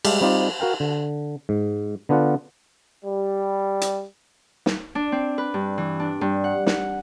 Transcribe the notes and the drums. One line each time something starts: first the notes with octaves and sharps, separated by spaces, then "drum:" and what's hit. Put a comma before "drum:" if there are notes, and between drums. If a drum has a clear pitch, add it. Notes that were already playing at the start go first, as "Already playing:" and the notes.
G3 G#3 G4 E5 F5 A5, drum: cymbal
G3 C4 D#4 F4 C5 D5
F#4 A#4 F5 G5
D3
G#2
D3 B3 D4 F4 F#5
G3
drum: hi-hat
drum: snare
D4
C4
B4
G2
E3
D4
G2
F#5
F#5, drum: snare